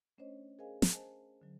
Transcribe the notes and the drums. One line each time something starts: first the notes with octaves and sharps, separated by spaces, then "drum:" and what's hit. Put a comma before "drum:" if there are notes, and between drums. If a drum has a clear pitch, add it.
A3 C#4 D4 C5 C#5 D#5
G#4 A#4 C5 D#5 F5 G#5
drum: snare
C5 D#5 G#5 A5
D3 F#3